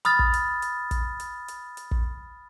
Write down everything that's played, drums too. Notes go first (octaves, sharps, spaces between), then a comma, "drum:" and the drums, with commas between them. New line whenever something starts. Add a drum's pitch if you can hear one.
B5 D#6 F6 A6, drum: hi-hat
drum: kick
drum: hi-hat
drum: hi-hat
drum: kick, hi-hat
drum: hi-hat
drum: hi-hat
drum: hi-hat
drum: kick